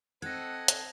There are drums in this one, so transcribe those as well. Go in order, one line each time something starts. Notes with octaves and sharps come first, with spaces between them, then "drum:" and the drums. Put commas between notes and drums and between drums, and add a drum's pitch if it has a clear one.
C4 A4 D#5 F#5 G#6 A#6
drum: hi-hat